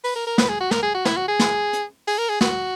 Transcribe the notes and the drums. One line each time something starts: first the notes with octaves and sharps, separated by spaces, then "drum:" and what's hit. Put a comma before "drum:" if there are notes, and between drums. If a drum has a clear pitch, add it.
B4, drum: open hi-hat
A#4
A#4
B4, drum: snare
G#4
F#4
A#4, drum: snare
G#4
F#4
E4, drum: snare
F#4
G#4
drum: snare
drum: hi-hat
G#4, drum: open hi-hat
A#4
G#4
F#4, drum: snare